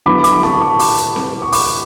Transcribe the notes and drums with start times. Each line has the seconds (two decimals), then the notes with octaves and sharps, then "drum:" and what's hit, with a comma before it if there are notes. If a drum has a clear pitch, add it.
0.06 D3 F#3 B3 E4 B5 D6
0.24 B5 D6, drum: hi-hat
0.43 A5 C#6, drum: snare C4
0.60 A5 C#6
0.79 B5 D6, drum: open hi-hat
0.98 drum: hi-hat
1.16 drum: snare C4
1.42 C#6
1.52 B5 D6, drum: open hi-hat